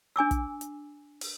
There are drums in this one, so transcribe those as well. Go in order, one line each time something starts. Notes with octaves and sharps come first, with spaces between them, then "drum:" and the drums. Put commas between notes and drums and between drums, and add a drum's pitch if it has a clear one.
D4 G#5 D6 E6
drum: kick, hi-hat
drum: hi-hat
drum: open hi-hat